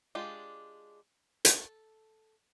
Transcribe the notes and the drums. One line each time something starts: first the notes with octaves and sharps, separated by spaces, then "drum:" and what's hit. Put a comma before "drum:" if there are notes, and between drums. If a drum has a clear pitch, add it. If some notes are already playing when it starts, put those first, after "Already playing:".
G#3 D4 F4 G4 D5
A4, drum: hi-hat